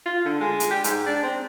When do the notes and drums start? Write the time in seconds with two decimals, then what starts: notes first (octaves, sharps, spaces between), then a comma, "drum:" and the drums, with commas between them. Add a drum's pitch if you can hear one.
0.06 F4
0.25 D3
0.41 G#3
0.60 drum: hi-hat
0.71 G4
0.84 G#2, drum: hi-hat
1.06 D4
1.23 C4